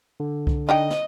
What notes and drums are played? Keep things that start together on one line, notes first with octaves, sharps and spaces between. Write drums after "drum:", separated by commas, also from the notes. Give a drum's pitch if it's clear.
D3
drum: kick C2
D4 D#4 D#5 G5
drum: snare